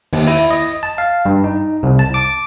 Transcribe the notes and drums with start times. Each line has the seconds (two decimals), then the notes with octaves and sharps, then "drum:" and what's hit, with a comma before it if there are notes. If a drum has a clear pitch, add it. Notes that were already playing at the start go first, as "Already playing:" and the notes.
0.13 D#2, drum: open hi-hat
0.27 E4
0.51 D#5
0.83 A5
0.98 F5
1.25 G2
1.44 D#4
1.83 C2
1.99 A5
2.14 D6